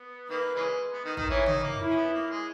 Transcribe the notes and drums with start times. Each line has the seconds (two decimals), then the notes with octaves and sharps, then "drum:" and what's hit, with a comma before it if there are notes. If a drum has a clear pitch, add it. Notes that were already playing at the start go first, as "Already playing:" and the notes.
Already playing: B3
0.30 D#3 A#3 B4
0.55 C#3 E3 G#3
0.93 B3
1.05 D#3 D#4
1.17 D#3 D#4, drum: kick
1.30 E3 E4 C#5
1.46 D#3 D#4, drum: tom
1.63 A#3
1.80 E4
1.91 C#4
1.96 B3
2.13 A#3
2.30 G#3